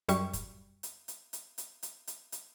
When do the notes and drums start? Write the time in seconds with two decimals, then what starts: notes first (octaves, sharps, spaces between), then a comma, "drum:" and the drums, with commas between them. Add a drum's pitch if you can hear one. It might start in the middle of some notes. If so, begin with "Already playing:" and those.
0.09 F#2 G3 C#6, drum: hi-hat
0.33 drum: kick, hi-hat
0.83 drum: hi-hat
1.08 drum: hi-hat
1.33 drum: hi-hat
1.58 drum: hi-hat
1.83 drum: hi-hat
2.07 drum: hi-hat
2.32 drum: hi-hat